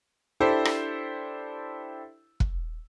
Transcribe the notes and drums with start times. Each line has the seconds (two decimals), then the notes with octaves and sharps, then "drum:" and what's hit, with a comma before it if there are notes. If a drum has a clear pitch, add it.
0.40 D4 E4 G4 A4 C5
0.65 drum: rim click
2.40 drum: kick